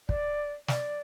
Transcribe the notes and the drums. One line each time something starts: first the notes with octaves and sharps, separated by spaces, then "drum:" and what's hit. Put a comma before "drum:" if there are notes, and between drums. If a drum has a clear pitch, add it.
D5, drum: kick
D5, drum: snare